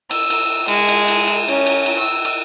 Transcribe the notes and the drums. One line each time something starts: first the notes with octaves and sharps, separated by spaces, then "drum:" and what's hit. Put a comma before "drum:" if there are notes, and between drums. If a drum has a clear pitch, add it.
E6, drum: cymbal
drum: cymbal
G#3, drum: cymbal
drum: cymbal
drum: cymbal
drum: cymbal
C#4, drum: cymbal
drum: cymbal
drum: cymbal
E6
drum: cymbal